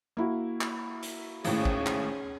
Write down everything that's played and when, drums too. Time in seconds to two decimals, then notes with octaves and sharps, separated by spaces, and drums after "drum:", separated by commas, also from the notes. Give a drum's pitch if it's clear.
0.17 A#3 E4 F#4
0.61 drum: clap
1.03 drum: hi-hat
1.45 G#1 A2 C#4 G#4, drum: hi-hat
1.65 drum: kick
1.86 drum: clap